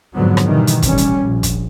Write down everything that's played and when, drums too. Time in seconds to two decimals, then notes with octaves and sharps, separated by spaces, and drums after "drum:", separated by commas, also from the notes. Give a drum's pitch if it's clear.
0.14 F2 G#2 D3 F#3 B3
0.37 drum: rim click
0.47 B2 D#3 E3 G3
0.67 drum: hi-hat
0.82 A1 G3 C#4, drum: kick, hi-hat
0.98 drum: hi-hat
1.20 A#1
1.43 drum: kick, hi-hat